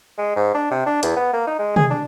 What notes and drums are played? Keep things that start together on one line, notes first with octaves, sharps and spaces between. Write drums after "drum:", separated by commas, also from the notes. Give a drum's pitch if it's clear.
G#3
G#2
D4
C3
D4
E2, drum: hi-hat
B3
A#3
D#4
G#3
G#4, drum: tom
D4